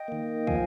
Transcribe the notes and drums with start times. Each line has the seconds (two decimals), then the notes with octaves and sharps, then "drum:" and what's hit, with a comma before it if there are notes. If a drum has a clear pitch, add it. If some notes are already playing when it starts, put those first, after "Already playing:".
Already playing: D#5 G5
0.08 D#3 A#3
0.47 F3 F5 G#5, drum: kick